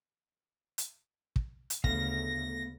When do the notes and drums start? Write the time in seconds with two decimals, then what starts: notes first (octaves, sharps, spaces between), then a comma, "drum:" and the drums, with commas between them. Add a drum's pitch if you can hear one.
0.78 drum: hi-hat
1.36 drum: kick
1.70 drum: hi-hat
1.84 D2 C#3 A3 B3 F5 A#6, drum: kick